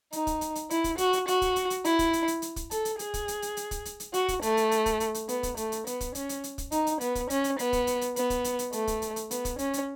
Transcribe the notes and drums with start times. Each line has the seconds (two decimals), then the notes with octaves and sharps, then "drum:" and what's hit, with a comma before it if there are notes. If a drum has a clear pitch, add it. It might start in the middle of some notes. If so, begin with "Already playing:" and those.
0.12 D#4, drum: hi-hat
0.27 drum: kick, hi-hat
0.41 drum: hi-hat
0.55 drum: hi-hat
0.70 E4, drum: hi-hat
0.84 drum: kick, hi-hat
0.98 F#4, drum: hi-hat
1.13 drum: hi-hat
1.28 F#4, drum: hi-hat
1.42 drum: kick, hi-hat
1.56 drum: hi-hat
1.70 drum: hi-hat
1.85 E4, drum: hi-hat
1.99 drum: kick, hi-hat
2.13 drum: hi-hat
2.28 drum: hi-hat
2.42 drum: hi-hat
2.56 drum: kick, hi-hat
2.71 A4, drum: hi-hat
2.85 drum: hi-hat
2.99 G#4, drum: hi-hat
3.14 drum: kick, hi-hat
3.28 drum: hi-hat
3.42 drum: hi-hat
3.57 drum: hi-hat
3.71 drum: kick, hi-hat
3.85 drum: hi-hat
4.00 drum: hi-hat
4.14 F#4, drum: hi-hat
4.28 drum: kick, hi-hat
4.42 A3, drum: hi-hat
4.57 drum: hi-hat
4.71 drum: hi-hat
4.86 drum: kick, hi-hat
5.00 drum: hi-hat
5.14 drum: hi-hat
5.29 B3, drum: hi-hat
5.43 drum: kick, hi-hat
5.57 A3, drum: hi-hat
5.72 drum: hi-hat
5.87 B3, drum: hi-hat
6.01 drum: kick, hi-hat
6.15 C#4, drum: hi-hat
6.29 drum: hi-hat
6.44 drum: hi-hat
6.58 drum: kick, hi-hat
6.72 D#4, drum: hi-hat
6.87 drum: hi-hat
7.01 B3, drum: hi-hat
7.15 drum: kick, hi-hat
7.30 C#4, drum: hi-hat
7.44 drum: hi-hat
7.59 B3, drum: hi-hat
7.73 drum: kick, hi-hat
7.87 drum: hi-hat
8.01 drum: hi-hat
8.16 B3, drum: hi-hat
8.30 drum: kick, hi-hat
8.44 drum: hi-hat
8.59 drum: hi-hat
8.72 A3, drum: hi-hat
8.87 drum: kick, hi-hat
9.02 drum: hi-hat
9.16 drum: hi-hat
9.31 B3, drum: hi-hat
9.45 drum: kick, hi-hat
9.59 C#4, drum: hi-hat
9.73 drum: hi-hat